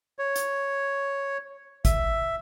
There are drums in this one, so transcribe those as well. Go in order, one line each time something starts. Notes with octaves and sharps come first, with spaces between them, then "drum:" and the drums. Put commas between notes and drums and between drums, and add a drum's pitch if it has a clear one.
C#5
drum: hi-hat
E5, drum: kick, hi-hat